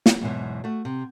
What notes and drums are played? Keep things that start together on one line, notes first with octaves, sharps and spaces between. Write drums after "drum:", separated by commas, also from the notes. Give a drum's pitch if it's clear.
drum: snare
E2 G#2 B2 F#3
A3 F#4
C3